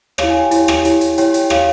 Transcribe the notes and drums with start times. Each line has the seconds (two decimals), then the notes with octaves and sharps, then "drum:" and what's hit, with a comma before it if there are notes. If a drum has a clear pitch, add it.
0.18 E4 G4 C#5 F5, drum: rim click
0.30 G#5
0.41 G5
0.51 E4 G4 C#5, drum: hi-hat
0.68 drum: rim click
0.85 E4 G4 C#5, drum: hi-hat
1.01 drum: hi-hat
1.18 E4 G4 C#5 G5, drum: hi-hat
1.34 drum: hi-hat
1.50 G4 C#5 F5, drum: rim click